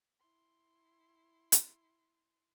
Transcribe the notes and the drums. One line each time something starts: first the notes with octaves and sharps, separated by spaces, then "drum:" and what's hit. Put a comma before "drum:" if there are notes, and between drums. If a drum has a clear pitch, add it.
E4 C6
drum: hi-hat